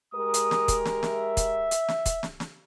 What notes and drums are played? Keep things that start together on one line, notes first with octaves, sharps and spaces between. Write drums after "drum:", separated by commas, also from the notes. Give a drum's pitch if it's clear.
G#3 G4 A#4 D#6
drum: hi-hat
drum: snare
drum: kick, hi-hat
drum: snare
E5, drum: snare
drum: kick, hi-hat
drum: hi-hat
drum: snare
drum: kick, hi-hat
drum: snare
drum: snare